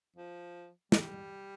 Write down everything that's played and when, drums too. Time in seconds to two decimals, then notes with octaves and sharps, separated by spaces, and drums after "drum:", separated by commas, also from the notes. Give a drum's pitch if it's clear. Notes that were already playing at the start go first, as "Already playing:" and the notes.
0.16 F3
0.92 G3, drum: snare